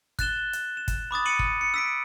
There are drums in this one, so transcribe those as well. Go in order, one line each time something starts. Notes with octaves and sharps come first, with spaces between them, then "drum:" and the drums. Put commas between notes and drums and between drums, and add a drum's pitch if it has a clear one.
F#6 A6 E7 G7, drum: kick, hi-hat
drum: hi-hat
E7
drum: kick, hi-hat
B5 D6 D#6 A6
C#7 D#7 F#7
drum: kick
C#7
E6 B6 D7